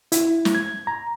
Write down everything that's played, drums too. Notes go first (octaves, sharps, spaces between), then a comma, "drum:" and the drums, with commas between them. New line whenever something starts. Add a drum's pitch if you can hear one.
E4, drum: hi-hat
drum: snare
G#6
A#5